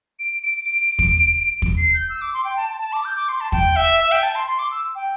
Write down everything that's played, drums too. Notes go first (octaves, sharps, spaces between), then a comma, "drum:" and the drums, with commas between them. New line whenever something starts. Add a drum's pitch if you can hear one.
D7
D7
D7
drum: kick
drum: kick
C7
G6
E6
D6
C6
G5
A5
A5
A5
D6
G6
D6
C6
A5
G5, drum: kick
E5
E5
G5
A5
C6
C6
D6
E6
G5